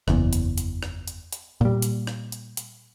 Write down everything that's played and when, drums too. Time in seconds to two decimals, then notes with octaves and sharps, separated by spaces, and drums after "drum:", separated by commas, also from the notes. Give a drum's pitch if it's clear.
0.08 F#1 E2, drum: rim click
0.33 drum: hi-hat
0.58 drum: hi-hat
0.83 drum: rim click
1.08 drum: hi-hat
1.32 drum: hi-hat
1.61 A#2 G3
1.82 drum: hi-hat
2.07 drum: rim click
2.32 drum: hi-hat
2.57 drum: hi-hat